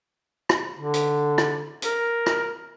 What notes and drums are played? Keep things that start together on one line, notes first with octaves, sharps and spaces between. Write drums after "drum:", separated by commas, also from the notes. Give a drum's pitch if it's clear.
drum: rim click
D3
drum: hi-hat
drum: rim click
A#4, drum: hi-hat
drum: rim click